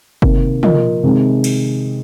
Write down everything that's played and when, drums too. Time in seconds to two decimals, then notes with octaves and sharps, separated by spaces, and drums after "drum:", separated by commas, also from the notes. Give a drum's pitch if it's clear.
0.22 C3 D#3 A#3, drum: kick F#1
0.63 F3 A#3 F4 A#4 D#5, drum: tom
1.03 C3 D#3 G#3 C4
1.44 drum: cymbal